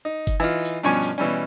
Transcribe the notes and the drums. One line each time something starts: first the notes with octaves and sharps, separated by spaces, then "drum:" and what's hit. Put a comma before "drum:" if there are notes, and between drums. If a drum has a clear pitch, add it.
D#4
drum: kick F#1, tambourine
E3 D#4 F4
drum: tambourine
G2 B2 F3 C#4 G#5 C#6, drum: tambourine
drum: tambourine
B2 E3 G3 C#4